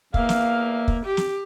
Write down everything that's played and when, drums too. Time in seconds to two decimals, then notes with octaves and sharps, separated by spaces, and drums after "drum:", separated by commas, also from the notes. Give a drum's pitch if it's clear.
0.14 E2 A#3 E5 F5, drum: kick
0.29 drum: snare
0.88 drum: kick
1.06 G4
1.17 drum: snare